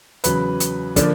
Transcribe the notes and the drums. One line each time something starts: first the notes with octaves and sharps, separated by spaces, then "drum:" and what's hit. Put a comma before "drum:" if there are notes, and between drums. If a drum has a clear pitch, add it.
E2 C#3 F#3 B4, drum: hi-hat
drum: hi-hat
D3 F3 A#3 D4, drum: kick, hi-hat